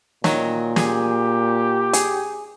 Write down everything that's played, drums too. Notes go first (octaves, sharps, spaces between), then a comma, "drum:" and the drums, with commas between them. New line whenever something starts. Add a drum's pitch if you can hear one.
A#2 D#3 F#3, drum: snare
G4 G#4, drum: snare
G#4, drum: hi-hat